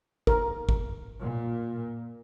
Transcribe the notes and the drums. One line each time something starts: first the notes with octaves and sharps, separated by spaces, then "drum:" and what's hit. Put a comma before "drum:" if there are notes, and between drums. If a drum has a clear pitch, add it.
A#4, drum: kick
drum: kick
A#2